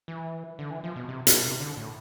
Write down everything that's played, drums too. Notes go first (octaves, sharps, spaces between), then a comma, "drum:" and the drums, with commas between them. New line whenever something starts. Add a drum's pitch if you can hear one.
E3
D3
E3
F3
B2
C3
B2, drum: hi-hat
C3
D3
A2